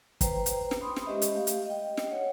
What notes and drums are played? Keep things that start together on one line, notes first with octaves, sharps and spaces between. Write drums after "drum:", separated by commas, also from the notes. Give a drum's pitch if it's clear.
B4 C5 G5 A#5, drum: kick, hi-hat
drum: hi-hat
drum: snare
B5 C6 D#6
drum: snare
G#3 C#4 G4 C5 D#5 E5
drum: hi-hat
A3 G4 F5
drum: hi-hat
D#5 G5
drum: snare
C#5 F#5